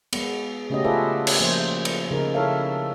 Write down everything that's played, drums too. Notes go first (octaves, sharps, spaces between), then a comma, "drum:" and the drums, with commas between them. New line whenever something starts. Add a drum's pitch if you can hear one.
G#3 B3, drum: cymbal
C#3 A3 C#4 F#4 G4 D#5
F4 G#4 A4 B4 D5 E5
drum: cymbal
F3 A#3 C5
drum: cymbal
C#3 D#4 A#4
E4 A4 C#5 E5 F5